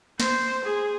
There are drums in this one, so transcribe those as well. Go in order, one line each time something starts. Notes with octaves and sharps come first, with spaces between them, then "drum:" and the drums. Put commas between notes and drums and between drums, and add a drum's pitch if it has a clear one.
C5, drum: snare
G#4